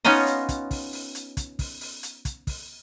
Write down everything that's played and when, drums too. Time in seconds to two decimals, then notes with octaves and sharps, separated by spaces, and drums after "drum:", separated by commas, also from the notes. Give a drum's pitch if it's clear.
0.05 B3 C#4 D#4 F4 D#5, drum: open hi-hat
0.27 drum: hi-hat
0.49 drum: kick, hi-hat
0.71 drum: kick, open hi-hat
0.93 drum: open hi-hat
1.15 drum: hi-hat
1.37 drum: kick, hi-hat
1.59 drum: kick, open hi-hat
1.81 drum: open hi-hat
2.03 drum: hi-hat
2.25 drum: kick, hi-hat
2.47 drum: kick, open hi-hat